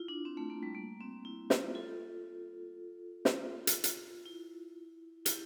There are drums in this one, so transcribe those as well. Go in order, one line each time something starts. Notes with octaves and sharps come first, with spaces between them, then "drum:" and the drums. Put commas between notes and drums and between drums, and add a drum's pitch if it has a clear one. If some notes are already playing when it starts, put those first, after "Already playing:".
Already playing: E4 F4
D4
C4
A3
A#3
G3
A#3
C4
E4
F4, drum: snare
F4 A4
F4, drum: snare
drum: hi-hat
drum: hi-hat
E4
E4 G4, drum: hi-hat